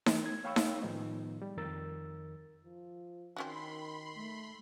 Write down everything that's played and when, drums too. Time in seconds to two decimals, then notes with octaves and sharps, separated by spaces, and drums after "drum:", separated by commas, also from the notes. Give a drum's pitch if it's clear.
0.06 E3, drum: snare D#4
0.26 G#6
0.44 C#5 F5 G5 B5 C#6 E6
0.56 drum: snare D#4
0.82 A2 D#3 F3 G#3 B3 D#4
1.42 G3
1.57 F2 D#3 A#4 E6 A6
2.65 F3
3.36 D#3 C4 C#4 F#4 B5 C6
4.13 A3